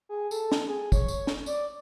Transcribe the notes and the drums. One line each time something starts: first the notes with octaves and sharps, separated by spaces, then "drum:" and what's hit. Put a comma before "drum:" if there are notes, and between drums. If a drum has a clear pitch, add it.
G#4
A4, drum: tambourine
drum: snare
G#4
C#5, drum: kick, tambourine
drum: tambourine
drum: snare
D5, drum: tambourine